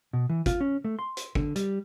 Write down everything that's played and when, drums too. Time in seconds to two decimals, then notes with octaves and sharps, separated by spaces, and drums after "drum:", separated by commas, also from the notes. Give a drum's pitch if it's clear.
0.13 B2
0.30 E3
0.46 F4, drum: kick, hi-hat
0.61 C#4
0.84 A3
0.99 C6
1.17 drum: hi-hat
1.35 D3, drum: kick
1.56 G3, drum: hi-hat